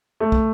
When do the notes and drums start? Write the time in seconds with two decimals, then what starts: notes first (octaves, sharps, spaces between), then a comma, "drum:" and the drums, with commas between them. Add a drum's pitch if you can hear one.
0.20 A3
0.32 drum: kick